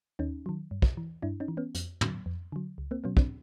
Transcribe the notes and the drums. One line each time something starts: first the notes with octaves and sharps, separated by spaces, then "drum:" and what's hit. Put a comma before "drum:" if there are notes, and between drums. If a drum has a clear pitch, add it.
D#2 C#4 D#4
D#3 F#3
G2
drum: kick
E3
G2 D4 E4
C#4 D#4
E3
B3 C#4
F2, drum: hi-hat
D3 F#3, drum: tom
F2
D3 F#3
C#2
A#3 C4
B2 F#3 B3 C#4
C4 D4, drum: kick